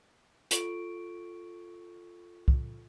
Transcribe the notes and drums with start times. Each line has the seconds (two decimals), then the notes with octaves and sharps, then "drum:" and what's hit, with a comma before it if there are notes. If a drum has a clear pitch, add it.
0.51 F4 A4 C#6 D7, drum: hi-hat
2.48 drum: kick